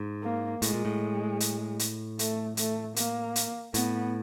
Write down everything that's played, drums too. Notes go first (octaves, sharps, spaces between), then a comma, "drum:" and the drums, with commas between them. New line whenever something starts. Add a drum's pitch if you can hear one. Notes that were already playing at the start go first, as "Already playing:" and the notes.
Already playing: G#2
A#3
A2 G#3, drum: hi-hat
A#2
A2
drum: hi-hat
drum: hi-hat
A3, drum: hi-hat
A3, drum: hi-hat
A#3, drum: hi-hat
drum: hi-hat
A2 B3, drum: hi-hat